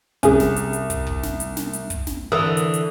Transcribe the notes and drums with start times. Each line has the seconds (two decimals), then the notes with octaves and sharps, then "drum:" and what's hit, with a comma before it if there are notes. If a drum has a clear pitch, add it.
0.23 C2 C#4 G#4, drum: kick, hi-hat
0.40 drum: snare
0.56 drum: hi-hat
0.73 drum: hi-hat
0.90 drum: kick, hi-hat
1.07 drum: kick
1.23 drum: snare
1.40 drum: hi-hat
1.57 drum: snare
1.73 drum: hi-hat
1.90 drum: kick, hi-hat
2.07 drum: snare
2.32 D3 E3 A#4 D#6
2.57 drum: hi-hat
2.74 drum: hi-hat